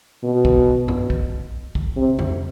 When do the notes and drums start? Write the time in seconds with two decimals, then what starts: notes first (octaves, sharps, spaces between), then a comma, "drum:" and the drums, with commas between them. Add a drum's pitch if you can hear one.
0.24 B2
0.45 drum: kick
0.88 drum: tom G2
1.10 drum: kick
1.75 drum: kick
1.96 C3
2.19 drum: tom F2